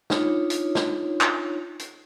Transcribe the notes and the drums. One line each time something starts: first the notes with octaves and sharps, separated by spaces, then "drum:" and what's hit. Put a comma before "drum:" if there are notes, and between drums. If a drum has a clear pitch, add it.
D4 D#4 F4 C#5, drum: snare
drum: hi-hat
drum: snare
drum: clap
drum: hi-hat